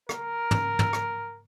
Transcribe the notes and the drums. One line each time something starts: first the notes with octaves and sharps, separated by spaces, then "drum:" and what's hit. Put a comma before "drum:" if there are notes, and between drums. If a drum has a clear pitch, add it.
A#4, drum: rim click
drum: tom
drum: tom
drum: rim click